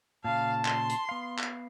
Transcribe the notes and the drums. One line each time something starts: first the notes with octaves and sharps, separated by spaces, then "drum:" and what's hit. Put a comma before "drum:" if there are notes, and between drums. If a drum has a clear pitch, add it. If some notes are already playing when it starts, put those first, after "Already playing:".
A#2 C#3 F5 A5
C6, drum: clap
drum: hi-hat
B3 F5
drum: clap